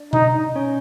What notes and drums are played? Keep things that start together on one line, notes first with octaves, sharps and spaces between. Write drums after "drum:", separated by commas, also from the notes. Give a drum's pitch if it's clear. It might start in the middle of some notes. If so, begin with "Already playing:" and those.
Already playing: D4 D5
D#4, drum: tom B2
C#4 C#5